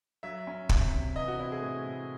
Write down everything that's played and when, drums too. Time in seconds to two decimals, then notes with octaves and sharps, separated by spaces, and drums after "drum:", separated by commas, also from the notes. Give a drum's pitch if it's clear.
0.23 F#3 E5
0.47 C#4
0.69 C3, drum: kick
0.94 C3
1.16 E3 D#5
1.28 F#4
1.40 C4 E4
1.52 G#4
1.62 A2
1.86 A2